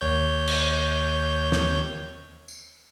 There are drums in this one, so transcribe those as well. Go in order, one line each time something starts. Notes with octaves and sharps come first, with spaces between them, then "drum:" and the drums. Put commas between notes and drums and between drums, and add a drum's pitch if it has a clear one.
D#2 C#5 G6
drum: cymbal
drum: snare
drum: tambourine